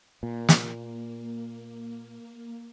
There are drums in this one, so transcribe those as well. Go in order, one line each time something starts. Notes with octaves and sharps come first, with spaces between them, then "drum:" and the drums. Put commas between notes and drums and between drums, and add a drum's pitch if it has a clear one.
A#2 A#3
drum: snare